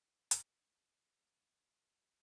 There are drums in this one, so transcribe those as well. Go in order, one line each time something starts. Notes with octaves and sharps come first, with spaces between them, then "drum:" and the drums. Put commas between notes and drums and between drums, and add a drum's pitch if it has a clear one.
drum: hi-hat
F4 F#4 B4 F5